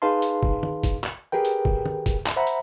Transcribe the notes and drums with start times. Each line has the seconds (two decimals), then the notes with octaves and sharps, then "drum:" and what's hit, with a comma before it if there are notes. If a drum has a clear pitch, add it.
0.02 D#4 G#4 B4 F5 A5 C6
0.22 drum: hi-hat
0.43 drum: kick
0.63 drum: tom D#3
0.83 drum: kick, hi-hat
1.04 drum: clap
1.32 G4 G#4 A#4 B4 G5
1.45 drum: hi-hat
1.65 drum: kick
1.86 drum: tom D#3
2.06 drum: kick, hi-hat
2.26 drum: clap
2.36 C5 E5 F#5 A#5 B5
2.47 drum: hi-hat